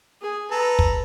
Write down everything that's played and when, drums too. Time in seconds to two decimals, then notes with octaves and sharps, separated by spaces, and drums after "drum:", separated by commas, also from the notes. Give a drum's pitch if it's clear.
0.22 G#4
0.51 A4 B4 A#5
0.79 drum: kick